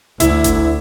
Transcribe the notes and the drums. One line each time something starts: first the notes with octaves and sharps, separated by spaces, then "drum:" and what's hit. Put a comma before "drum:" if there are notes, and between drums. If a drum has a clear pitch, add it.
D2 E4, drum: hi-hat
drum: kick G1, hi-hat